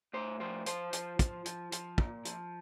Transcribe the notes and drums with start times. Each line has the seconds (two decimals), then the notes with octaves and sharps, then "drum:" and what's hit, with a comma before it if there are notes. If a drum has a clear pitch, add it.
0.13 A2 C5
0.40 F3 C5
0.66 F3 C5, drum: hi-hat
0.93 F3, drum: hi-hat
1.19 F3, drum: kick, hi-hat
1.46 F3, drum: hi-hat
1.72 F3, drum: hi-hat
1.98 A#2, drum: kick
2.25 F3, drum: hi-hat